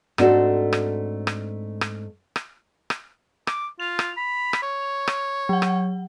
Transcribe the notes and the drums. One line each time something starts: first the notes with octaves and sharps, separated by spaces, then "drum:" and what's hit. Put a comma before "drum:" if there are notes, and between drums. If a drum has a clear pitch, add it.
G#2 A3 C4 D4 F#4 A4, drum: rim click
drum: rim click
drum: rim click
drum: rim click
drum: rim click
drum: rim click
D6, drum: rim click
F4 F7
drum: rim click
B5
drum: rim click
C#5
drum: rim click
F#3 F#5
drum: rim click